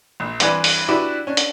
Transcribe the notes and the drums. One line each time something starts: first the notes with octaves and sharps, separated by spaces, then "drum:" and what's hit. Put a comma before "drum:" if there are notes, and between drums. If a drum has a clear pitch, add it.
A#1
G2 E3 C4 B4 D5 G#5, drum: hi-hat
drum: open hi-hat
D4 E4 F#4 G4 B4 D5
C#4 D4
drum: hi-hat